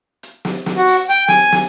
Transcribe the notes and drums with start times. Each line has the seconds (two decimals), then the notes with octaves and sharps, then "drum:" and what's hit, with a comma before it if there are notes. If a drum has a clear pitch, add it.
0.23 drum: hi-hat
0.45 drum: snare
0.66 drum: snare
0.77 F#4
0.88 drum: open hi-hat
1.09 G5, drum: hi-hat
1.28 G#5, drum: snare
1.52 drum: snare